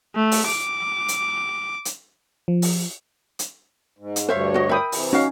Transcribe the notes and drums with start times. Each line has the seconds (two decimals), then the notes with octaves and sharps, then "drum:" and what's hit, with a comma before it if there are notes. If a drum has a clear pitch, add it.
0.16 A3
0.32 drum: open hi-hat
0.47 D6
1.08 drum: hi-hat
1.85 drum: hi-hat
2.48 F3
2.62 drum: open hi-hat
3.39 drum: hi-hat
3.99 G#2
4.16 drum: hi-hat
4.29 D2 G2 C5 C#5 E5 F5
4.54 F#4 D#5
4.69 A#4 E5 G5 B5 D#6
4.92 C3 E3, drum: open hi-hat
5.13 C#4 D#4 F#4 F5